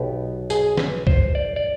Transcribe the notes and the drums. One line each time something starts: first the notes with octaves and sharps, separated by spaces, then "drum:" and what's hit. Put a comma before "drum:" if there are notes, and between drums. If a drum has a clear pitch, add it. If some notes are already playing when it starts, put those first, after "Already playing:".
Already playing: B1 B2 B3 G4
G#4, drum: tambourine
B4, drum: snare
C5, drum: kick C#2
D5
D5